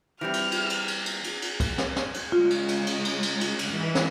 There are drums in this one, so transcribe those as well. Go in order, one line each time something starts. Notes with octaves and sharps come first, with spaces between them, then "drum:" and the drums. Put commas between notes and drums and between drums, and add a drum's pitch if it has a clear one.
E3 G3 C4 F6
drum: cymbal
drum: cymbal
drum: cymbal
drum: cymbal
drum: cymbal
drum: cymbal
drum: cymbal
drum: kick, cymbal
drum: snare
drum: snare
drum: cymbal
C#3 G#3 F4
drum: cymbal
drum: cymbal
drum: cymbal
drum: cymbal
drum: cymbal
drum: cymbal
drum: cymbal
E3 G#3
drum: snare